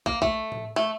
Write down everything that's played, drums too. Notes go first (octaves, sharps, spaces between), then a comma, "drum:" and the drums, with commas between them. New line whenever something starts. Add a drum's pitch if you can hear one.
A#3, drum: kick
A3, drum: kick
drum: tom A2
A3